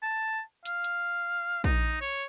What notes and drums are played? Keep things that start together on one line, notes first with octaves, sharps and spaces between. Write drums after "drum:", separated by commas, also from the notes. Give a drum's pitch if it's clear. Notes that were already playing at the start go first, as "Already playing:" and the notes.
A5
F5, drum: hi-hat
drum: hi-hat
D#4, drum: kick A#1
C#5